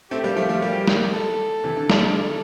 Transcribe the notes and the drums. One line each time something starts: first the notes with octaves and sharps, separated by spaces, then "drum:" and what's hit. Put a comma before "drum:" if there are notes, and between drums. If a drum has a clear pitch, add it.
A3 C4 G4
G3 A#3
F3 A3
F3 A3
G3 A#3
drum: snare
A4
C3 E3
D3
drum: snare
D3
A4